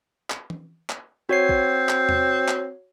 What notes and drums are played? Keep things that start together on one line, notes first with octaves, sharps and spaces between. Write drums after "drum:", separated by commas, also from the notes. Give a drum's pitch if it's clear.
drum: clap
drum: tom E3
drum: clap
C4 F#4 C#5 C7
drum: kick
drum: clap
drum: tom E2
drum: clap